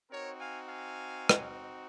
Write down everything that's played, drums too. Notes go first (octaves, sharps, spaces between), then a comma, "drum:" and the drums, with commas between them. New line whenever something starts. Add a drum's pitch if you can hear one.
C4 D#4 F#4 A#4 C#5
F5 G#5
F5 G#5
drum: rim click